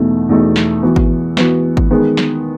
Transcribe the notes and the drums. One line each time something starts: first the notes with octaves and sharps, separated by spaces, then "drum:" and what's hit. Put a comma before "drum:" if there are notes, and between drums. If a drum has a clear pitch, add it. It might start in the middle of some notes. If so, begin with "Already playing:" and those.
Already playing: E2 B2 A3 D#4
E2 B2 A3 D#4
drum: snare
E3 B3 F#4
drum: kick G#1
E3 B3 F#4, drum: snare
drum: kick G#1
D#3 G#3 B3
drum: snare